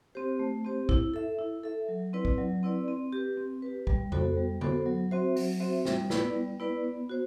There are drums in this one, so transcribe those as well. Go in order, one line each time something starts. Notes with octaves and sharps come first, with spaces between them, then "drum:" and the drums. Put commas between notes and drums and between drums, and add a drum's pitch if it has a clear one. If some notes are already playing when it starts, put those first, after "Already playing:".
C4 G4 C5
A3
C4 G4 C5
E4, drum: kick
A4 E5
E4
A4 E5
F#3
C4 E4 B4 D5
drum: kick
F#3
C4 E4 B4 D5
C4
G4 B4
C4
G4 B4
G3, drum: kick
B3 F#4 A4 C5, drum: tom F2
G3
B3 F#4 A4 C5, drum: tom D3
F#3
C4 F#4 C5 E5
F#3, drum: open hi-hat
C4 F#4 C5 E5
G3, drum: snare
B3 E4 B4 D5, drum: snare
G3
B3 E4 B4 D5
B3
F#4 C5